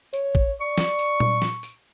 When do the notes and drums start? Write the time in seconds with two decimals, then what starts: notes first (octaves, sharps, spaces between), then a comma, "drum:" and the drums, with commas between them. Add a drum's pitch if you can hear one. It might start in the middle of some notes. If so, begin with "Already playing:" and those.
0.13 C#5, drum: tambourine
0.35 drum: kick
0.61 D5 C#6
0.78 drum: snare
0.99 drum: tambourine
1.20 drum: tom A#2
1.42 drum: snare
1.63 drum: tambourine